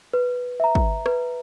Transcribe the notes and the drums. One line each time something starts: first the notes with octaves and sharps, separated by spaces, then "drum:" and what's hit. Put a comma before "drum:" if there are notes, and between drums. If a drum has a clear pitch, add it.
B4
E5 A#5
drum: kick
B4, drum: rim click